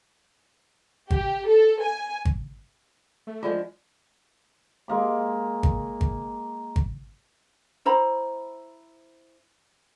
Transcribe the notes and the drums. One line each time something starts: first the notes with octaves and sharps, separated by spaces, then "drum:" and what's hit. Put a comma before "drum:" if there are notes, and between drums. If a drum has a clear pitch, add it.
G4, drum: kick G#1
A4
G#5
drum: kick G#1
A3
F3 G#3 D4 F4 D5 F#5
G#3 A#3 D6
drum: kick G#1
drum: kick G#1
drum: kick G#1
E4 C5 A#5 B5